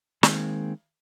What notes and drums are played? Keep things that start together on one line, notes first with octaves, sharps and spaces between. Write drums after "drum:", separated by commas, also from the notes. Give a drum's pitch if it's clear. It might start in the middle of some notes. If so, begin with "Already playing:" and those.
D#3 G#3 A#3 C4, drum: snare